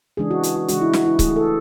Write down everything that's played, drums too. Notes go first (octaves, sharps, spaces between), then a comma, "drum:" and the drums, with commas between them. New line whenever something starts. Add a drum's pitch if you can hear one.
C#3 E3 G#3 D4 G#4
F#4
F#4, drum: hi-hat
F#4
C#3 E3 G#3 D4 F#4, drum: hi-hat
E4
F#4, drum: snare
E4
E3 A3 E4 G#4, drum: kick C#1, hi-hat
G#4
A4